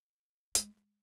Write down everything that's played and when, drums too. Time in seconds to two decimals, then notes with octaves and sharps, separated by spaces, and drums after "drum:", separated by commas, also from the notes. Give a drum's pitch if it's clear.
0.55 G#3, drum: hi-hat